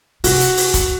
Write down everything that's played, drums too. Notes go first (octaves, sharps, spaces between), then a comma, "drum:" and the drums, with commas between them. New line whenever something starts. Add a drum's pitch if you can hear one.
C3 F#4, drum: open hi-hat
drum: hi-hat
drum: open hi-hat
drum: kick, hi-hat